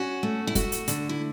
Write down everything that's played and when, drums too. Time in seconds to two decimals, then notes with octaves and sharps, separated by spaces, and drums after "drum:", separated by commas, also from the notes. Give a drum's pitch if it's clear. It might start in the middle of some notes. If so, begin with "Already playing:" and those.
Already playing: C#4 F#4
0.23 A3
0.47 E4
0.55 A3 F#4, drum: kick, hi-hat
0.72 drum: hi-hat
0.88 D3, drum: hi-hat
1.09 E4